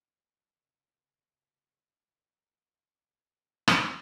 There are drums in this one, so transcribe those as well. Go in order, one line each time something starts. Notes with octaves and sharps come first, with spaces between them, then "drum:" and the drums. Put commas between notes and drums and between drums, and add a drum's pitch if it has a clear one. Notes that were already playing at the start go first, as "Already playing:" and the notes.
Already playing: D#4
F#2
D#4
C#3 C#6
C#4
C#3
C#4
C#3
F#3
G#3 C#6
F#2
D#3
D#4 A#5
drum: rim click